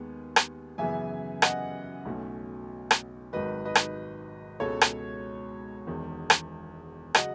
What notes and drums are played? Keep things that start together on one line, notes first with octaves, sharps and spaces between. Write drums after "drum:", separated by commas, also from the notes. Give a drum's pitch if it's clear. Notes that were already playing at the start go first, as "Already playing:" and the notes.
Already playing: D#2 D#3 G#3 B3
drum: rim click
F#2 C#3 E3 B3 E5 G#5
D#5 F#5, drum: rim click
B1 B2 A3 C#4
drum: rim click
G#1 G#2 D#3 F#3 B4 D#5
B4 D#5
drum: rim click
C#2 B2 G#3 A4 C#5
drum: rim click
E1 E2 D#3
drum: rim click
C#3 F#3 D#5 F#5, drum: rim click